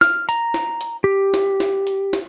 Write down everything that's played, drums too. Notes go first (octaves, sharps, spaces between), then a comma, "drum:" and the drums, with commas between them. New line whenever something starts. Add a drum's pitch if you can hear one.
F6, drum: snare
A#5, drum: hi-hat
drum: snare
drum: hi-hat
G4
drum: snare
drum: snare
drum: hi-hat
drum: snare